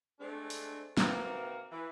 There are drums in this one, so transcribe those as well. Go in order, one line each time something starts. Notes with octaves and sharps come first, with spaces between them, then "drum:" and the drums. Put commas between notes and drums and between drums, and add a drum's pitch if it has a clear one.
G#3 A3 C4 D4
drum: open hi-hat
C3 D#3 E3 A#3 C4 F#4, drum: snare
E3